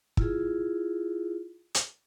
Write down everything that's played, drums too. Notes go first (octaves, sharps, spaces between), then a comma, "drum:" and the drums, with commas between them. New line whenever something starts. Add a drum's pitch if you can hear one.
E4 F4 G#4, drum: kick
drum: hi-hat